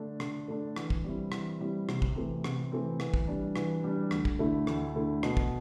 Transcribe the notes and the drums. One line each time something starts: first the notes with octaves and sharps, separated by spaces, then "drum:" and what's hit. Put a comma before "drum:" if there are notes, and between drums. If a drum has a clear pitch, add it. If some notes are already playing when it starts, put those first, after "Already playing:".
Already playing: D3 A3 D4 A4
D3, drum: rim click
A3 D4 A4
E3, drum: rim click
drum: kick
G3 C4 E4
E3, drum: rim click
G3 C4 E4
C3, drum: rim click
drum: kick
E3 A3 C4
C3, drum: rim click
E3 A3 C4
E3, drum: rim click
drum: kick
G3 D4
E3, drum: rim click
G3 D4
D2, drum: rim click
drum: kick
D3 A3 E4
D2, drum: rim click
D3 A3 E4
B2, drum: rim click
drum: kick